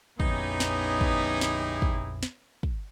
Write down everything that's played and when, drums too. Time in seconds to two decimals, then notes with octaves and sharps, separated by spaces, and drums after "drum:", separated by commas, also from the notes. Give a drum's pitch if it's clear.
0.20 A#1 F2 B3 C#4 D#4 E4 G4 G#4, drum: kick
0.60 drum: snare
1.01 drum: kick
1.41 drum: snare
1.82 drum: kick
2.23 drum: snare
2.63 drum: kick